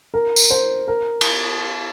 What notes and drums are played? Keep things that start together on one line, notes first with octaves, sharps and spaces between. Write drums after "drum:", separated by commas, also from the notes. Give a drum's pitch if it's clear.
A#4
drum: tambourine
C5
A#4
drum: cymbal